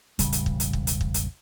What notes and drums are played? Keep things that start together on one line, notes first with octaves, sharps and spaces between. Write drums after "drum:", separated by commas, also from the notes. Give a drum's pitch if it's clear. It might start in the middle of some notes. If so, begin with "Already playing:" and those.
E1 A1 C#3 G3, drum: kick, hi-hat
drum: hi-hat
drum: kick
drum: hi-hat
drum: kick
drum: hi-hat
drum: kick
drum: hi-hat